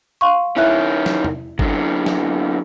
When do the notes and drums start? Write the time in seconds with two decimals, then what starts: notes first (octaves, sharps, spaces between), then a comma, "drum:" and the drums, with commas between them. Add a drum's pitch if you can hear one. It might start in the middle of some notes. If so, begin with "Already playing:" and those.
0.21 F5 C6 C#6
0.56 D#3 C#4 E4 E5 F#6
1.06 drum: snare
1.25 drum: tom
1.59 F#2 D3, drum: kick G1
2.06 drum: snare